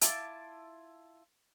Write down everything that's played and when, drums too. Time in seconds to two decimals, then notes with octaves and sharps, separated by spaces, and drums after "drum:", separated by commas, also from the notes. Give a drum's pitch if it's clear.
0.01 E4 F4 A5 D6, drum: hi-hat